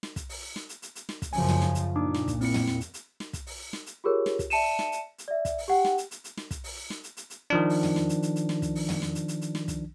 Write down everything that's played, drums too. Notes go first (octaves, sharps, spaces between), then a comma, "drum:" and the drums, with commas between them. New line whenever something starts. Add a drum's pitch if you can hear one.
drum: snare
drum: kick, hi-hat
drum: open hi-hat
drum: snare
drum: hi-hat
drum: hi-hat
drum: hi-hat
drum: snare
drum: kick, hi-hat
F#2 C#3 F3 G#5, drum: open hi-hat
drum: tom
drum: snare
drum: hi-hat
A#2 D4 D#4 D6
drum: snare
drum: kick, hi-hat
C4 E4 C#7, drum: open hi-hat
drum: tom
drum: snare
drum: hi-hat
drum: hi-hat
drum: snare
drum: kick, hi-hat
drum: open hi-hat
drum: snare
drum: hi-hat
F4 G4 G#4 A#4 C#5
drum: snare
drum: kick, hi-hat
D5 E5 A5 C#7 D#7 E7, drum: open hi-hat
drum: snare
drum: hi-hat
drum: hi-hat
D5 E5
drum: kick, hi-hat
drum: open hi-hat
G4 F#5 G5
drum: snare
drum: hi-hat
drum: hi-hat
drum: hi-hat
drum: snare
drum: kick, hi-hat
drum: open hi-hat
drum: snare
drum: hi-hat
drum: hi-hat
drum: hi-hat
D#3 F3 D4
drum: open hi-hat
drum: tom
drum: snare
drum: hi-hat
drum: hi-hat
drum: hi-hat
drum: snare
drum: kick, hi-hat
drum: open hi-hat
drum: tom
drum: snare
drum: hi-hat
drum: hi-hat
drum: hi-hat
drum: snare
drum: kick, hi-hat